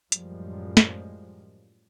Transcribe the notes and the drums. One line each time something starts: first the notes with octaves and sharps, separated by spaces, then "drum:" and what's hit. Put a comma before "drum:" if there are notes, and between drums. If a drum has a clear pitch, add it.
F#2 A2 F3 G3 G#3, drum: hi-hat
drum: snare